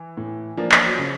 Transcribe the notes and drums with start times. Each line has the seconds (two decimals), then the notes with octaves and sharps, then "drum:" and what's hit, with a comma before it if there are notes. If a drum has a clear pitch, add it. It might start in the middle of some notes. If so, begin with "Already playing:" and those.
Already playing: E3
0.17 A2
0.57 F3 A#3 D4
0.72 drum: clap
0.86 F#3
0.98 C#3 F3